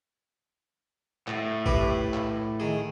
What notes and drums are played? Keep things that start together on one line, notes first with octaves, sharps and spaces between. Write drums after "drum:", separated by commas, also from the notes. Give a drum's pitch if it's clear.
A2, drum: clap
E4 G4 B4, drum: kick
drum: clap
D#3 G#4